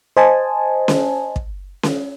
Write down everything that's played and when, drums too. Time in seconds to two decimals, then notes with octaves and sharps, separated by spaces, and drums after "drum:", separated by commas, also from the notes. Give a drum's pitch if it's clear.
0.17 C5 D#5 G#5 A5
0.88 drum: snare C#4
1.36 drum: kick
1.83 drum: snare C#4